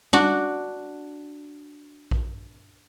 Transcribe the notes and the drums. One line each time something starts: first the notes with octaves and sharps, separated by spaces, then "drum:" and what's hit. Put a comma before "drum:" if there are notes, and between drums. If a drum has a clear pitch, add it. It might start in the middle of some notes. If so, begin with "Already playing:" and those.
D4 F#4, drum: tom G3
drum: kick A#1